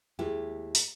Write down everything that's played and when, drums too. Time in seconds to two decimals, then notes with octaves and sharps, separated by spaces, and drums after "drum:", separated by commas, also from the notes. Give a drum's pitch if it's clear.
0.19 D#2 G#3 E4 G4
0.75 drum: open hi-hat